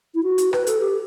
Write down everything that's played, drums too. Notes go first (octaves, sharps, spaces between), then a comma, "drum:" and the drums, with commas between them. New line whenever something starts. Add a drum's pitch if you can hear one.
E4
F#4
drum: hi-hat
B4, drum: rim click
A4, drum: hi-hat
G4